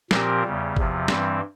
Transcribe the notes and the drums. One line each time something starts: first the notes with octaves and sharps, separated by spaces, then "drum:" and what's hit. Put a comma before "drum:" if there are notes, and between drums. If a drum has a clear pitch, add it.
A#2 F3 C4 G4 A#4, drum: snare
E2 C#3 G3
E2 C3 F3, drum: kick G#1
G2 E3 G3 C4, drum: snare